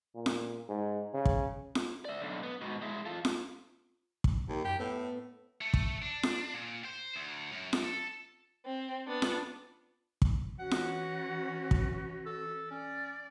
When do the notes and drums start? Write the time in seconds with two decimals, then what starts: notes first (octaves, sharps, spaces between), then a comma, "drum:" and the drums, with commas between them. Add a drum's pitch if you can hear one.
0.15 A#2
0.26 drum: snare F4
0.68 G#2
1.14 C#3
1.25 drum: kick
1.75 drum: snare F4
2.05 D5 E5
2.21 B1 D3
2.43 B3
2.61 G#2 B2
2.82 G#3 E4
3.06 F4 A4
3.25 drum: snare F4
4.24 drum: kick
4.49 D#2
4.65 F#2 G4
4.80 A2 B3
5.61 A3
5.74 drum: kick
6.02 D4
6.23 drum: snare F4
6.54 A#2
6.85 C5
7.16 D2
7.52 F#2
7.73 drum: snare F4
7.85 A4
8.66 C4
9.08 B3 D4
9.22 drum: snare F4
10.22 drum: kick
10.59 E3 C#4 F#4 F#5
10.71 drum: snare F4
11.71 drum: kick
12.26 A4
12.71 C#4 D5